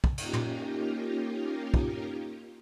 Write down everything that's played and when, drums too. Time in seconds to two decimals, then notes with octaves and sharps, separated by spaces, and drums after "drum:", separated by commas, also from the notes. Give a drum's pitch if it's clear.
0.04 drum: kick
0.18 A#3 C#4 D#4 F4 G4 A#4, drum: cymbal
0.33 drum: tom
1.74 drum: kick